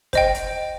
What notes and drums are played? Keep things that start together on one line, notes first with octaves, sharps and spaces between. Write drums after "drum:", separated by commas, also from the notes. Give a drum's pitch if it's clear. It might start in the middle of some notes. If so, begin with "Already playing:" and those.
C5 D#5 G5, drum: kick, hi-hat
drum: hi-hat